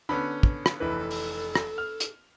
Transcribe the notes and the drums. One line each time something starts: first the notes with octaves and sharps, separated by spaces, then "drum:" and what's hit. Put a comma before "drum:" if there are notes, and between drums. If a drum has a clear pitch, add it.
D3 B3 C#4 B5
drum: kick
drum: rim click
F1 E3 A4 B4
drum: open hi-hat
drum: rim click
F6
drum: hi-hat